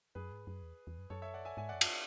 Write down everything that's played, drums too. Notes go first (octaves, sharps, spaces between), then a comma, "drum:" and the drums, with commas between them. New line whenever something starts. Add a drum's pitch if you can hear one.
F#2 G#4 B4
G#2
F#2
E2
E2
F#2
F#2 A4 C#5
C#5 E5
D5 F#5
E5 G#5
G#2 E5 G#5
F#2 D5 F#5
F#5 A5, drum: cymbal